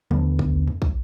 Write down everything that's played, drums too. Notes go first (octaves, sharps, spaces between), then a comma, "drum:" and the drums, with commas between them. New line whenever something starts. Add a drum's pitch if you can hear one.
D#2 D3 A3 B3, drum: tom
drum: kick
drum: tom
drum: kick